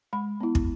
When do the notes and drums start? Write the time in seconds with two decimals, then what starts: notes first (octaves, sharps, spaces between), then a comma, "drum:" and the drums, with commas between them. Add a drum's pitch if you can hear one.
0.13 G#3 B5
0.40 B3 E4
0.55 drum: kick